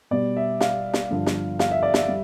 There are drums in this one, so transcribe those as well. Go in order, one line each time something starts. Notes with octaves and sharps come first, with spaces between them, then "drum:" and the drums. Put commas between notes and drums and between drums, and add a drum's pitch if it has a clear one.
B2 G3 D5
E5
F5, drum: snare
drum: snare
G2 D3 F3
drum: snare
F5, drum: snare
E5
D5
E5, drum: snare
G3